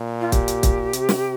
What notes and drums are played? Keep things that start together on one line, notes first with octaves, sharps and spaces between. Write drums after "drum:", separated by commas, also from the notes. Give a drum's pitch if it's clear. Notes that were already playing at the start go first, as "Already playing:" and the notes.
Already playing: A#2
F4
G4, drum: kick, hi-hat
drum: hi-hat
drum: kick, hi-hat
C3, drum: hi-hat
drum: snare